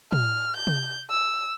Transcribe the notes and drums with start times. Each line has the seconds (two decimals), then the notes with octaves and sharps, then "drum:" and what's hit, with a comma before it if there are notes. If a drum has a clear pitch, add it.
0.12 F6, drum: tom
0.57 G6
0.67 drum: tom C3
1.10 E6